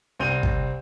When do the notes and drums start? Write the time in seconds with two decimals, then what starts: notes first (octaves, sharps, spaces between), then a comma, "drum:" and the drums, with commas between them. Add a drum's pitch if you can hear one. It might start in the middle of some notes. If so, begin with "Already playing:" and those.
0.19 C2 C4 G6 D#7 F7
0.43 drum: kick